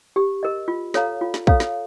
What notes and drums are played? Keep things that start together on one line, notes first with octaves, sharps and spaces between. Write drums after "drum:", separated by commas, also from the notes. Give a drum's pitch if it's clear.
G4
A#4 D#5
F4
A4 C#5 F5 A#5, drum: snare
F4
drum: snare
A4 C#5 F5 A#5, drum: kick
drum: snare